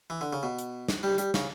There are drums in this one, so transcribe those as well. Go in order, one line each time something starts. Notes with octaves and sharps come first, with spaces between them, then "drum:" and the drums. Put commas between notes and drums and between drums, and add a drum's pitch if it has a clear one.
E3
D3
C#3
B2
drum: hi-hat
drum: snare
G3
G3, drum: hi-hat
C#3, drum: snare